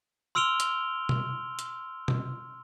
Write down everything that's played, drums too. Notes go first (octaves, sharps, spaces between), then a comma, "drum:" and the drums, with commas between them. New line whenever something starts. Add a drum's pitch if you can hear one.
C6 E6 F6 D7 F7 G7
drum: hi-hat
drum: tom B2
drum: hi-hat
drum: tom B2